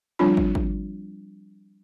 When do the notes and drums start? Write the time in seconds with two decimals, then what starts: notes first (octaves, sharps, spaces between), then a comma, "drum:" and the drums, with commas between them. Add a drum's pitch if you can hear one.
0.19 F3 G3 C4 D4 F4 B5
0.37 drum: kick
0.55 drum: kick